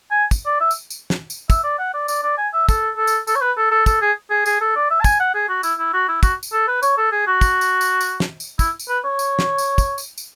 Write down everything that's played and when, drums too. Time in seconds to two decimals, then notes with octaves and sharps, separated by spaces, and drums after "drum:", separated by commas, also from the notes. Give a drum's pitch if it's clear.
0.11 G#5
0.31 drum: kick, tambourine
0.46 D5
0.60 E5
0.71 drum: tambourine
0.90 drum: tambourine
1.10 drum: snare
1.30 drum: tambourine
1.50 E5, drum: kick, tambourine
1.64 D5
1.79 F#5
1.94 D5
2.08 D5, drum: tambourine
2.23 D5
2.38 G#5
2.53 E5
2.69 A4, drum: kick, tambourine
2.97 A4
3.07 drum: tambourine
3.27 A4, drum: tambourine
3.35 C#5
3.41 B4
3.57 A4
3.71 A4
3.86 A4, drum: kick, tambourine
4.01 G#4
4.30 G#4
4.46 G#4, drum: tambourine
4.61 A4
4.76 D5
4.90 E5
5.01 A5
5.04 G#5, drum: kick, tambourine
5.20 F#5
5.34 G#4
5.49 F#4
5.63 E4, drum: tambourine
5.79 E4
5.93 F#4
6.08 E4
6.23 F#4, drum: kick, tambourine
6.43 drum: tambourine
6.53 A4
6.68 B4
6.83 C#5, drum: tambourine
6.97 A4
7.12 G#4
7.27 F#4
7.41 drum: kick, tambourine
7.61 drum: tambourine
7.81 drum: tambourine
8.01 drum: tambourine
8.20 drum: snare
8.40 drum: tambourine
8.59 E4, drum: kick, tambourine
8.79 drum: tambourine
8.89 B4
9.04 C#5
9.19 drum: tambourine
9.39 drum: snare
9.58 drum: tambourine
9.78 drum: kick, tambourine
9.98 drum: tambourine
10.18 drum: tambourine